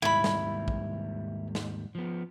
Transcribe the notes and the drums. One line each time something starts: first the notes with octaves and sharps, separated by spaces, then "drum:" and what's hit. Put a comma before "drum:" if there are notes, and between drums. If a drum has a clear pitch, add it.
D#2 G#2 G3 E4 B5
drum: snare
drum: kick
drum: snare
F3 B3